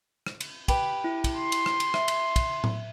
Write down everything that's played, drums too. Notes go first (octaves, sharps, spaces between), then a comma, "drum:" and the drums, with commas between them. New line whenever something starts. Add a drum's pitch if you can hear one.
drum: rim click
drum: cymbal
G4 B4, drum: kick, cymbal
E4
drum: kick, cymbal
C6
drum: cymbal
drum: rim click
drum: cymbal
E5, drum: rim click
drum: cymbal
drum: kick, cymbal
drum: tom A2